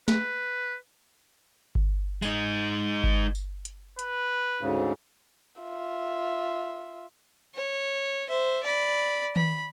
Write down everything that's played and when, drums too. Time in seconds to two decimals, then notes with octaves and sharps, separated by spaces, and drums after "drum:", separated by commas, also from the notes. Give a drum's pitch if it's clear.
0.08 B4, drum: snare
1.75 drum: kick G1
2.22 G#3 D#4, drum: tambourine
3.04 drum: kick G1
3.35 drum: tambourine
3.65 drum: hi-hat
3.99 B4, drum: hi-hat
4.61 D2 G#2 C#3
5.61 F4 E5
7.55 C#5
8.29 C5 E5
8.63 D5 B5
9.36 B5, drum: tom D#3